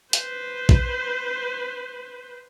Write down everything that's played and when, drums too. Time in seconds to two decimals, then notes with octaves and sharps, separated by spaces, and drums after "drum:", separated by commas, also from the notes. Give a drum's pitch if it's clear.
0.13 B4 C5, drum: hi-hat
0.69 drum: kick